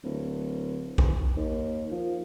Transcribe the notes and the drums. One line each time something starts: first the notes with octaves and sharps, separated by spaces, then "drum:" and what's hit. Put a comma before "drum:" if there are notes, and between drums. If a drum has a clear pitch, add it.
D1
drum: kick A#1
D#2
F3